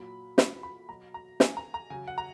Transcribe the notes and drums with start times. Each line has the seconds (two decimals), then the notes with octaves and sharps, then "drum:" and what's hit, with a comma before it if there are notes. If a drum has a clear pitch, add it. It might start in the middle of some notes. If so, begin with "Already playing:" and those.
Already playing: A#2 F#3 B5
0.38 B5, drum: snare
0.63 B5
0.89 B2 F#3 A#5
1.14 A#5
1.40 G#5, drum: snare
1.57 A#5
1.74 A#5
1.90 C#3 F#3 G#5
2.07 F#5
2.18 A#5